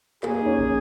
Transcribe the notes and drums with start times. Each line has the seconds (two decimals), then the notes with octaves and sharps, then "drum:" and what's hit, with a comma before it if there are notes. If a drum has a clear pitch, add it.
0.23 A#3 G#4, drum: clap
0.41 D#4
0.46 C#4
0.58 drum: kick